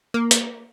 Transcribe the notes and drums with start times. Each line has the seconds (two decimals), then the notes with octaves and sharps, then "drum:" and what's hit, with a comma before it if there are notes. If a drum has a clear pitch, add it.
0.14 A#3
0.31 drum: hi-hat